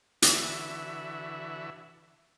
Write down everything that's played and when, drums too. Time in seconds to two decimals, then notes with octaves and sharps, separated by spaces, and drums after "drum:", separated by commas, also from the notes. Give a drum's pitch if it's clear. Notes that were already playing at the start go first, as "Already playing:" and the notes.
0.22 D3 E3 F#4 E5, drum: hi-hat